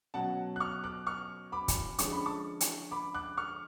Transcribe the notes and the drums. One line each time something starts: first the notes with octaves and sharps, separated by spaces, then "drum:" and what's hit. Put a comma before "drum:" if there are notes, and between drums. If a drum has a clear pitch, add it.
B2 F#3 C#4 F#5 A5
F#6
C#6 F6
D6 F#6
C#6 F6
B5 D6
drum: kick, hi-hat
D3 F3 G#3 C#4 C#6, drum: hi-hat
B5
A5 C#6
drum: hi-hat
B5 D6
D6 F#6
C#6 F6